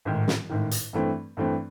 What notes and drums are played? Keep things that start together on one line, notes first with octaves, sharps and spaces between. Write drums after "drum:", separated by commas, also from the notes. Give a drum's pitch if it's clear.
A1 G#2 D#3
drum: snare
A1 G#2 D#3
drum: hi-hat
G2 E3 A3 C4
G2 E3 A3 C4